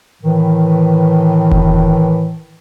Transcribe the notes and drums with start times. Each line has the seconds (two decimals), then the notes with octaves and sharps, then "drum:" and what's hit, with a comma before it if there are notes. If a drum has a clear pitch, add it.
0.22 A2 D#3 E3
1.51 drum: kick F1